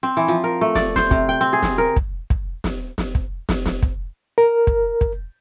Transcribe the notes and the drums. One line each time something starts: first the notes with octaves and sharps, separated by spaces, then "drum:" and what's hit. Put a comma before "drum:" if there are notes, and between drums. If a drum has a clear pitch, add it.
C4
E3
F3
A#4
A3
D5, drum: snare
C5, drum: snare
C3, drum: kick
G5
C4
G#4
drum: snare
A#4
drum: kick
drum: kick
drum: snare
drum: snare
drum: kick
drum: snare
drum: snare
drum: kick
A#4
drum: kick
drum: kick